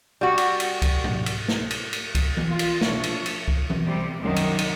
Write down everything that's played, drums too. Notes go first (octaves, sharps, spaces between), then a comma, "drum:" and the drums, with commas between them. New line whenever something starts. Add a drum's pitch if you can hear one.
G3 F#4
drum: cymbal
drum: cymbal
drum: kick C#2, cymbal
drum: tom G#2
drum: cymbal
drum: snare
drum: cymbal
drum: cymbal
drum: kick C#2, cymbal
drum: tom E3
F4
drum: cymbal
A#1 F3 A3 C#5, drum: snare
drum: cymbal
drum: cymbal
drum: kick C#2
drum: tom E3
C3 G3
C2 F#2 D#3
drum: cymbal
drum: cymbal